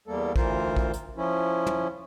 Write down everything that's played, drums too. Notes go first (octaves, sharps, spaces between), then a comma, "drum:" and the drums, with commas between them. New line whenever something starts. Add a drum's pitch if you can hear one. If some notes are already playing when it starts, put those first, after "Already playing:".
E2 G3 A#3 A4
D2 E3 F4 A#4 C5, drum: kick
drum: kick
drum: hi-hat
F3 C#4 E4
drum: tom